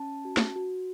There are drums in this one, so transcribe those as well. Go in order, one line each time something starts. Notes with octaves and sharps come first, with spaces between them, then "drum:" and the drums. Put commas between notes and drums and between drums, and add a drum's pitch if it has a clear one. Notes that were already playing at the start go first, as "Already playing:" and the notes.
Already playing: C#4 A5
F#4
drum: snare
F#4